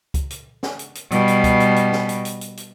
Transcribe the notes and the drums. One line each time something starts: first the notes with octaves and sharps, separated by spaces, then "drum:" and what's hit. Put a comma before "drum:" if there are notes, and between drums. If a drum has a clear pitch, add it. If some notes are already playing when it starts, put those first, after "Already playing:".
drum: kick, hi-hat
drum: hi-hat
drum: snare
drum: hi-hat
drum: hi-hat
B2 G3, drum: hi-hat
drum: hi-hat
drum: kick, hi-hat
drum: hi-hat
drum: hi-hat
drum: snare
drum: hi-hat
drum: hi-hat
drum: hi-hat
drum: hi-hat